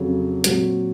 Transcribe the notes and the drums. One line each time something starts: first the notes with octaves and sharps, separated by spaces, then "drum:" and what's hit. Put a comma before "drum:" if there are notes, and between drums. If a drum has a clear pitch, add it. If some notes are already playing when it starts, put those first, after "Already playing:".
Already playing: F2 C#3 F#3 C#4
A#2 F#3 C4, drum: hi-hat